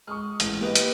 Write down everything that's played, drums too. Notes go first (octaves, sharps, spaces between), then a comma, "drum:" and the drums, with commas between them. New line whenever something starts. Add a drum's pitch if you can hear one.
G#3 C#6 D#6 F6
A1 A2 G#3 F5, drum: hi-hat
A#3 G4 B4 D#5
drum: hi-hat